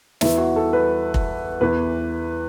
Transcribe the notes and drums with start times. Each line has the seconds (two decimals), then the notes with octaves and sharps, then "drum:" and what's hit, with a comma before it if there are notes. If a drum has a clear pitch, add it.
0.21 E2 E3 E4, drum: snare
0.38 F#4
0.56 A4
0.73 B4
1.14 drum: kick
1.61 E2 E3 B4